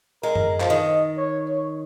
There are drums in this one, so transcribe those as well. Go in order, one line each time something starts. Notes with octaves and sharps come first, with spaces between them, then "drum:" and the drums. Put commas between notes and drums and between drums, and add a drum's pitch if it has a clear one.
G#3 A#4
drum: tom F#2
F3, drum: clap
D#3 D#5
C#5
C#5